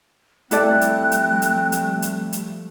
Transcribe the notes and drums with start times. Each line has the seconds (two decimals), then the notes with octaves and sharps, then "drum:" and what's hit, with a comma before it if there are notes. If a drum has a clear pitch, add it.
0.51 F3 G3 A3 C4 E4 A4 D5 F#6, drum: hi-hat
0.81 drum: hi-hat
1.12 drum: hi-hat
1.42 drum: hi-hat
1.72 drum: hi-hat
2.02 drum: hi-hat
2.33 drum: hi-hat